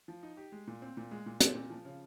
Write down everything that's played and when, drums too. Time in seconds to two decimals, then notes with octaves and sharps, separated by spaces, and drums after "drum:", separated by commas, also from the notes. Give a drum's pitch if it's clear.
0.08 F3
0.23 D#4
0.37 G4
0.52 G#3
0.67 A#2
0.82 C4
0.97 A#2
1.11 G#3
1.26 A#2
1.40 C4, drum: hi-hat
1.55 A#2
1.70 F3
1.85 C#3